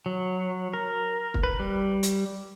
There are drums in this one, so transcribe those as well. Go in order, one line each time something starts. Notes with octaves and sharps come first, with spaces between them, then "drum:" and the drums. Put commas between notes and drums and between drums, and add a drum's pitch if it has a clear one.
F#3
A#4
drum: kick
B4
G3
drum: hi-hat